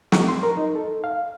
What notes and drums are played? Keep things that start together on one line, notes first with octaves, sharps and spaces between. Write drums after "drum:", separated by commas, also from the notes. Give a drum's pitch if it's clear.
C#6, drum: snare
C6
A#4
D#4
A4
F5